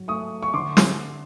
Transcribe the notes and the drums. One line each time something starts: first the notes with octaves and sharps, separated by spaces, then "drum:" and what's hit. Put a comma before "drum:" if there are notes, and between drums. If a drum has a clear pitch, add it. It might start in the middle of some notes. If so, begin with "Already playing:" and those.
Already playing: G#2 F#3
A3 C#6 D#6
C#6
D3 C6 D6
drum: snare